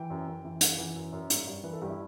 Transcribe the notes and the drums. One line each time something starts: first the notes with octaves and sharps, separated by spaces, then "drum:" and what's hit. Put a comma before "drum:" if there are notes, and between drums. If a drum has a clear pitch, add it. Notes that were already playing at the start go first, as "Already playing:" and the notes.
Already playing: E3 G5
F#2
F#2
E3
F#2 F#5, drum: hi-hat
E3 F#5
F#2
F#2
G2, drum: hi-hat
G2
E3 B4
A4
G2 G4
E4